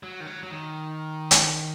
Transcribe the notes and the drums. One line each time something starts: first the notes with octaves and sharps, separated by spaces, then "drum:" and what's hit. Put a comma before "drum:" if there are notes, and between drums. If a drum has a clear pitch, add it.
F#3
D#3
F#3
F#3
D#3
drum: hi-hat